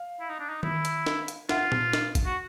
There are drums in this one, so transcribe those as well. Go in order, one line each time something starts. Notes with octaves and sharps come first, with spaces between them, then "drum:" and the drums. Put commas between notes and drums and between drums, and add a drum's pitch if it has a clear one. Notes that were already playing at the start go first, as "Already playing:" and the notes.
Already playing: F5
E4
D#4
D4
D#4
E4, drum: tom D#3
drum: hi-hat
drum: snare
drum: hi-hat
F4 E5 F#5, drum: snare
drum: tom A#2
drum: snare
drum: kick, hi-hat
F#4